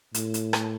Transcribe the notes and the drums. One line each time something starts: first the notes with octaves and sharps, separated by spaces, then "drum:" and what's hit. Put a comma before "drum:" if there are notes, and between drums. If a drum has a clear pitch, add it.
A2, drum: hi-hat
drum: hi-hat
drum: rim click